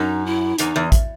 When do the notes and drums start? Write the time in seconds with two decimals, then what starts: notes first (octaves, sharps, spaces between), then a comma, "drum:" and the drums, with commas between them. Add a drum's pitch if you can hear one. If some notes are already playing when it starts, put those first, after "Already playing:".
Already playing: F#2 D#4
0.26 E4
0.58 E2 D#4, drum: hi-hat
0.76 E2
0.92 drum: kick, hi-hat